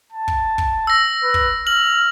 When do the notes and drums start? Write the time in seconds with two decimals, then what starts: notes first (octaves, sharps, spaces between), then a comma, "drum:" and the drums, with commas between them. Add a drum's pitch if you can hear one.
0.12 A5
0.28 drum: kick
0.58 drum: kick
0.87 E6 A#6
1.24 B4
1.34 drum: kick
1.67 F6 F#7